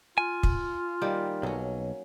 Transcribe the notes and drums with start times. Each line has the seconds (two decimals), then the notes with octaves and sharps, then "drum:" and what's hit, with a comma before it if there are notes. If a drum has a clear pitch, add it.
0.18 F4 G#5
0.43 drum: kick
1.01 D#3 G3 A#3
1.43 B1 F#3 C#4